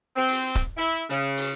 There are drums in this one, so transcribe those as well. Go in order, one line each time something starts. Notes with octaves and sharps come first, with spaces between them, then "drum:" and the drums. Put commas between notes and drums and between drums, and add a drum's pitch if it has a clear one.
C4
drum: open hi-hat
drum: kick D1, hi-hat
E4
C#3, drum: hi-hat
drum: open hi-hat